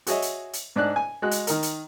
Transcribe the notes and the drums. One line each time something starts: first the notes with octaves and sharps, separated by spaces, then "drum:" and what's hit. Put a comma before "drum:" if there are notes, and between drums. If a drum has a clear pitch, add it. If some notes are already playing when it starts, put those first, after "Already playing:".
F#4 G#4 C#5 D#5 E5, drum: hi-hat
drum: hi-hat
drum: hi-hat
G#2 D4 D5 F#6
G#5
G#3 F#4 F#6
drum: hi-hat
D#3 A#4, drum: hi-hat
drum: hi-hat